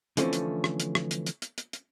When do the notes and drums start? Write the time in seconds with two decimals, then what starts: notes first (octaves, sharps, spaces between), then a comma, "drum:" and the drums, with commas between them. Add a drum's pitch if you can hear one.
0.17 D3 E3 F3 A3 C4 C#4, drum: hi-hat
0.33 drum: hi-hat
0.64 drum: rim click
0.80 drum: hi-hat
0.95 drum: rim click
1.11 drum: hi-hat
1.26 drum: hi-hat
1.42 drum: hi-hat
1.58 drum: hi-hat
1.73 drum: hi-hat